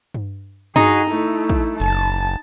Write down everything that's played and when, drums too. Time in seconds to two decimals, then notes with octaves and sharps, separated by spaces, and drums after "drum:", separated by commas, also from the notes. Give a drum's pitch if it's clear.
0.14 drum: tom G2
0.76 D#4 F#4 G#4, drum: tom G2
1.08 A3 E4
1.50 drum: kick
1.80 F#1 A5